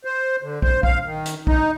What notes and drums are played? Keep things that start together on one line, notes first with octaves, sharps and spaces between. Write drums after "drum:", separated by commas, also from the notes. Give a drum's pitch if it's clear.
C5
D3
C5, drum: kick
F5, drum: kick
D#3
drum: hi-hat
D#4, drum: kick